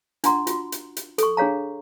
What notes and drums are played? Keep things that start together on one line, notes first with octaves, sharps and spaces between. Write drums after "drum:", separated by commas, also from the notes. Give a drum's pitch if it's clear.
D4 F4 F#5 A#5 C6, drum: hi-hat
F4 F#4, drum: hi-hat
drum: hi-hat
drum: hi-hat
A4 C#6, drum: hi-hat
D4 G#4 C#5 F5 A#5